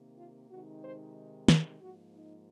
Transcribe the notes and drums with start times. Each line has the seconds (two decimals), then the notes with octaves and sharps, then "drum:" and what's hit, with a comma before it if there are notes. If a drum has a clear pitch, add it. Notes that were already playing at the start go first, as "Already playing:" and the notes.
Already playing: C3 D#3 A#3
0.17 F4
0.50 C3 D#3 G#3 D#4 F#4
0.83 C5
1.48 C#5, drum: snare
1.81 G#2 F3 A#3 F#4
2.14 D#4